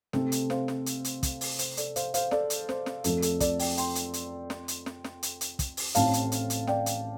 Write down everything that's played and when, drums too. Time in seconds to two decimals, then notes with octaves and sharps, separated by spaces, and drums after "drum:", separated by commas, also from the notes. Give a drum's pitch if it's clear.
0.13 C3 A3 C4 A4, drum: snare
0.32 drum: hi-hat
0.50 C5 F5, drum: snare
0.68 drum: snare
0.86 drum: hi-hat
1.04 drum: hi-hat
1.23 drum: kick, hi-hat
1.41 drum: open hi-hat
1.59 C5, drum: hi-hat
1.77 A4 D5, drum: hi-hat
1.96 C5 F5, drum: hi-hat
2.14 C5 F5, drum: hi-hat
2.31 A4 D5, drum: snare
2.50 drum: hi-hat
2.69 C5, drum: snare
2.86 drum: snare
3.04 F2 F3 A3 A4, drum: hi-hat
3.22 A4, drum: hi-hat
3.40 A4 D5, drum: kick, hi-hat
3.59 D5 G5, drum: open hi-hat
3.77 G5 C6, drum: hi-hat
3.95 drum: hi-hat
4.13 drum: hi-hat
4.50 drum: snare
4.68 drum: hi-hat
4.86 drum: snare
5.04 drum: snare
5.23 drum: hi-hat
5.41 drum: hi-hat
5.59 drum: kick, hi-hat
5.77 drum: open hi-hat
5.95 A1 A2 A3 C4 F5 A5, drum: hi-hat
6.13 drum: hi-hat
6.32 drum: hi-hat
6.50 drum: hi-hat
6.67 D5 G5, drum: snare
6.86 drum: hi-hat